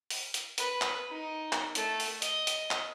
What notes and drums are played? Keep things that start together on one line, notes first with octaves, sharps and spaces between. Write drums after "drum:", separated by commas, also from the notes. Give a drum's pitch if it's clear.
drum: open hi-hat
drum: hi-hat
B4, drum: hi-hat
drum: clap
D#4
drum: clap
A3, drum: hi-hat
drum: open hi-hat
D#5, drum: hi-hat
drum: hi-hat
drum: clap